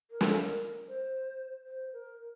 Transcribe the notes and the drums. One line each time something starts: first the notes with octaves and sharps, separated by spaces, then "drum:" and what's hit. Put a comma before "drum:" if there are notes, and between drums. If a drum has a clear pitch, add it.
A#4
drum: snare
C5
C5
A#4